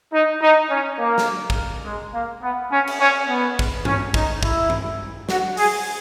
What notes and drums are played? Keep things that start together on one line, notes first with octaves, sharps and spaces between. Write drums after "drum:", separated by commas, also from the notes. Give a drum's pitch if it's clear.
D#4
D#4
C#4
A#3
drum: snare
drum: kick
G#3
A#3
B3
C#4
drum: cymbal
C#4
B3
drum: kick
C#4, drum: tom
D#4, drum: kick
E4, drum: kick
drum: tom
F#4, drum: snare
G#4, drum: open hi-hat